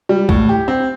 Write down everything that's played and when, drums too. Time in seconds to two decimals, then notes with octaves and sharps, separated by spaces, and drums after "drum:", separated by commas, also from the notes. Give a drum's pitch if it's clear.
0.09 G3
0.29 A2, drum: kick
0.49 G4
0.68 C4